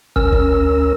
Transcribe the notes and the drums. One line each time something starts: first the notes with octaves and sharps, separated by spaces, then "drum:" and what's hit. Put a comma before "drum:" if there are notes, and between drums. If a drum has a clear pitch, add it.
D2 C#4 A#4 E6, drum: kick
drum: kick